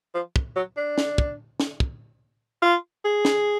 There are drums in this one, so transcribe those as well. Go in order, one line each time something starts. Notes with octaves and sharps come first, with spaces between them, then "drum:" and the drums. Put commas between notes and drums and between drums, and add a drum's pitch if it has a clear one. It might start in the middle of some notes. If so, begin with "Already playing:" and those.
F3
drum: kick
F#3
D4
drum: snare
drum: kick
drum: snare
drum: kick
F4
G#4
drum: snare